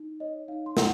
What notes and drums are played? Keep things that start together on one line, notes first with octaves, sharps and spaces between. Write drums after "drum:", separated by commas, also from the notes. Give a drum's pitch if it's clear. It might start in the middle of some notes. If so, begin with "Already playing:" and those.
Already playing: D#4
C#5 D#5
D#4 F5
C6
C5 F#5 A#5, drum: snare